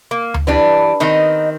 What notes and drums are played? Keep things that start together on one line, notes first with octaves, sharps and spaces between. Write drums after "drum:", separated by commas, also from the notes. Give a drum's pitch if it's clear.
A#3
drum: tom D2
E3 G3 D4 B4
D#3 B3 C4 D#4 D#5